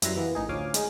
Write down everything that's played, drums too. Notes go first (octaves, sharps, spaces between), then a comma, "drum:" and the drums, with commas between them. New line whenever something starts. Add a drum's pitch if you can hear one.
F#2 G3 E4 B4 A#5 C6, drum: hi-hat
E3 A#3 B3
A1 D#4 G#4
D2 F3 C#4 F5 G#5 D6
G#3 D#4 G#4, drum: hi-hat